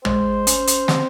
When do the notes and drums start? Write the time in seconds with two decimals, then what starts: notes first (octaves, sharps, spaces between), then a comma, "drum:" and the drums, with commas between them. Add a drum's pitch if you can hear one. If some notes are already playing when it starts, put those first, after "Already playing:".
0.05 G#3 C5, drum: tom
0.47 C#4, drum: hi-hat
0.67 drum: hi-hat
0.88 C4, drum: snare